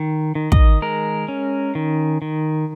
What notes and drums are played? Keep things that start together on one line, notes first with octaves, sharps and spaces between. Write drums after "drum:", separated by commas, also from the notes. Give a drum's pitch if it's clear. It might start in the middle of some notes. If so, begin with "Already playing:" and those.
Already playing: D#3
D#3
D#5, drum: kick
G#3 A#4
C#4
D#3
D#3